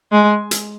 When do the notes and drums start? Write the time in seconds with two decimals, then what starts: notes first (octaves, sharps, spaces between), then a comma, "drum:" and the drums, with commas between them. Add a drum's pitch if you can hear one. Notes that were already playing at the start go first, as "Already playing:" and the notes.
0.12 G#3
0.51 drum: hi-hat